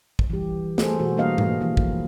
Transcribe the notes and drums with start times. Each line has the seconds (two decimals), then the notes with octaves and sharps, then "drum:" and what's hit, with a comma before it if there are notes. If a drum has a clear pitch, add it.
0.19 drum: kick
0.30 E3 G3 G4
0.78 A3 G#4 A4 C5, drum: snare
0.99 B2 E3 F#4 G#4 C5
1.17 G3 A#3 D4 A#4 D#5 F5
1.38 drum: tom G#2
1.61 E3 F3 A#3 E4
1.77 drum: kick